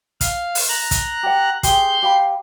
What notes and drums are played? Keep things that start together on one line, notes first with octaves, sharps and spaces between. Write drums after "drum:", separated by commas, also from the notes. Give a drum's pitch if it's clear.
F5, drum: kick, hi-hat
drum: open hi-hat
A#5 F#6
drum: kick, hi-hat
G4 F#5
G4 G#4 C6 G6, drum: kick, hi-hat
G4 F5 B5